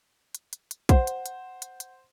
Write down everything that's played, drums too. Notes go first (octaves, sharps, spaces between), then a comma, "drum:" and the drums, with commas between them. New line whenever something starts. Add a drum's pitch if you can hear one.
drum: hi-hat
drum: hi-hat
drum: hi-hat
C5 F#5, drum: kick, hi-hat
drum: hi-hat
drum: hi-hat
drum: hi-hat
drum: hi-hat